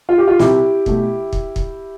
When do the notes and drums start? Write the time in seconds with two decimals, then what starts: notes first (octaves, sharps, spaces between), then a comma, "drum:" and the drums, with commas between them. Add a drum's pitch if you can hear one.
0.09 F4
0.18 G4
0.27 F4
0.39 C2 E4 G4, drum: snare
0.86 B2 A3, drum: kick
1.33 drum: kick
1.56 drum: kick